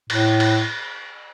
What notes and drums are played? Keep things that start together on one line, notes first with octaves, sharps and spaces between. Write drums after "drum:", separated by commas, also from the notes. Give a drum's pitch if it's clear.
A2, drum: cymbal
drum: cymbal